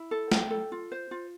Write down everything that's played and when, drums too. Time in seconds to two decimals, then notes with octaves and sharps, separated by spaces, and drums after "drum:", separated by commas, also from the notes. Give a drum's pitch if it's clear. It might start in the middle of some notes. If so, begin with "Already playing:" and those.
Already playing: E4
0.11 A4
0.32 G5, drum: snare
0.50 A4
0.72 F4
0.92 C5
1.11 F4